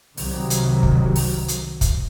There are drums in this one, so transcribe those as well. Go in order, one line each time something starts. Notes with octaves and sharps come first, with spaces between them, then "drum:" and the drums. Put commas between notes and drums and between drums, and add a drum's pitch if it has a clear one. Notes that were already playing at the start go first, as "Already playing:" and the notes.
C2 C3 D#3 F#3, drum: open hi-hat
drum: hi-hat
drum: kick
drum: open hi-hat
drum: hi-hat
drum: kick, hi-hat